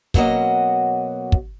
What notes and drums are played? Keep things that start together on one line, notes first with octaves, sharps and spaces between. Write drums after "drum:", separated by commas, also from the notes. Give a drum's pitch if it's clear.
B2 F#3 A#3 C#4 F#4 D#5, drum: kick
drum: kick